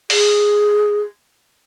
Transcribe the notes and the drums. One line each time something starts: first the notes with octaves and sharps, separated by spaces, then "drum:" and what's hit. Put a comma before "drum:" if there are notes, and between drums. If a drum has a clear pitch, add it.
G#4, drum: open hi-hat